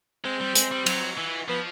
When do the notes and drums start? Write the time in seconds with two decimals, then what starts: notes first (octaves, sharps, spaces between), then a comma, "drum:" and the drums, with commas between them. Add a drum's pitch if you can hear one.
0.24 G#3 C4
0.41 G3
0.55 G#3, drum: hi-hat
0.72 G3
0.86 F#3, drum: cymbal
1.18 E3
1.49 F3 B3